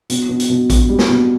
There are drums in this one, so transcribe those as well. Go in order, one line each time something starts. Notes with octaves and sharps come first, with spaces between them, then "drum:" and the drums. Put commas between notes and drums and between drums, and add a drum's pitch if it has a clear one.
B2, drum: hi-hat
B2
drum: hi-hat
B2
B2, drum: kick A1, hi-hat
G3
drum: snare
B2